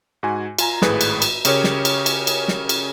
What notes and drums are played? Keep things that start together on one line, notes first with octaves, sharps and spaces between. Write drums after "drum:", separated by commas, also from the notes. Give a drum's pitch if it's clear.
G#2 F#4 G#5
F4 G#5 A#5, drum: cymbal
G#1 A2 G#4 B4, drum: snare
drum: cymbal
drum: cymbal
C#3 C#4 G4 G#4 A#4 C#5, drum: cymbal
drum: snare
drum: cymbal
drum: cymbal
drum: cymbal
drum: snare
drum: cymbal